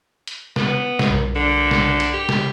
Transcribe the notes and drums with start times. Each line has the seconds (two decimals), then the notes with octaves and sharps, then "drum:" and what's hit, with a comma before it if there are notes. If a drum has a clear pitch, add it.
0.27 drum: hi-hat
0.56 B3, drum: snare
0.99 drum: snare
1.10 B1 G2 A#4
1.36 D3
1.71 drum: snare
2.00 drum: hi-hat
2.13 G4
2.29 drum: snare